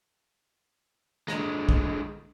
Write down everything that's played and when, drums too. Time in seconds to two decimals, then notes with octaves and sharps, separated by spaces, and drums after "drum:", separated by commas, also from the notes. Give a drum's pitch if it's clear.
1.28 D3 G#3, drum: rim click
1.69 drum: kick